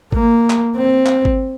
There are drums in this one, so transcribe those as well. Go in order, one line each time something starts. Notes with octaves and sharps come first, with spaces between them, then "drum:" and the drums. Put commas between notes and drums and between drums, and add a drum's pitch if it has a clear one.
A#3, drum: kick G#1
drum: clap
C4
drum: clap
drum: kick G#1